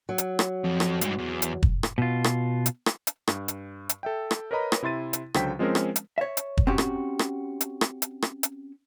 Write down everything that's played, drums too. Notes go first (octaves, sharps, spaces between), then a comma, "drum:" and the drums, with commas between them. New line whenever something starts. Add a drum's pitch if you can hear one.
F#3
drum: hi-hat
drum: rim click
F2
drum: rim click
G2 G#3, drum: hi-hat
E2
drum: hi-hat
drum: kick
drum: rim click
B2 F4
drum: rim click
drum: hi-hat
drum: rim click
drum: hi-hat
G2, drum: rim click
drum: hi-hat
drum: hi-hat
A4 E5 G5
drum: rim click
A#4 B4 C#5 D#5 A#5 B5
drum: rim click
C3 E4 C6 A6 D#7
drum: hi-hat
C#2 D3 F#3 C5 G5 B6, drum: rim click
F3 G#3 C4 C#4 A#4 C5
drum: rim click
drum: hi-hat
C#5 E5
drum: hi-hat
drum: kick
C4 C#4 F#4 G4
drum: rim click
drum: rim click
drum: hi-hat
drum: rim click
drum: hi-hat
drum: rim click
drum: hi-hat